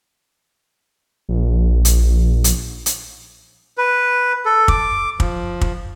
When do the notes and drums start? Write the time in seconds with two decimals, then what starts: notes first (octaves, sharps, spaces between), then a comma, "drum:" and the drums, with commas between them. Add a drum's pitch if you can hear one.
1.29 A#1
1.85 drum: hi-hat
2.44 drum: hi-hat
2.86 drum: hi-hat
3.78 B4
4.46 A4
4.68 D6, drum: kick
5.20 F3, drum: kick
5.61 drum: kick